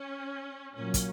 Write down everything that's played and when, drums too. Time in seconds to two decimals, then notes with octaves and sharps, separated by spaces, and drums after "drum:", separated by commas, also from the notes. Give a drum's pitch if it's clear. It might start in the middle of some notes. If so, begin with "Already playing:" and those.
Already playing: C#4
0.74 A#2 F#3 A#3 C#4
0.94 drum: kick, hi-hat